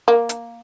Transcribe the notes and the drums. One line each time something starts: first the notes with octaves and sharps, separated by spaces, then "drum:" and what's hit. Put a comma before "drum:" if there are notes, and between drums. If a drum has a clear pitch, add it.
A#3
drum: hi-hat